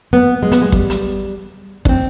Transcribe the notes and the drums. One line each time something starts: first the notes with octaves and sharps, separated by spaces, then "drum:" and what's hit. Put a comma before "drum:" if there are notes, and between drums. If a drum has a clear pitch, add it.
B3
G#3
B3, drum: hi-hat
G#3
G3, drum: kick
drum: hi-hat
D4, drum: kick
C4